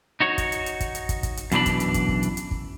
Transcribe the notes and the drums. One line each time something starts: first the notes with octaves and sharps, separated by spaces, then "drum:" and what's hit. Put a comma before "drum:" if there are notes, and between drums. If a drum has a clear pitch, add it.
D#4 F#4 C#5
drum: kick, hi-hat
drum: hi-hat
drum: hi-hat
drum: kick, hi-hat
drum: hi-hat
drum: kick, hi-hat
drum: kick, hi-hat
drum: hi-hat
F#2 B2 E3 D4 B5, drum: hi-hat
drum: kick, hi-hat
drum: hi-hat
drum: kick, hi-hat
drum: kick
drum: hi-hat
drum: hi-hat
drum: kick